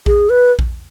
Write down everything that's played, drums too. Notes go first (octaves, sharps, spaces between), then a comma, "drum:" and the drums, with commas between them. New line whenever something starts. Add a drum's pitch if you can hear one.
G#4, drum: kick A#1
B4
drum: kick A#1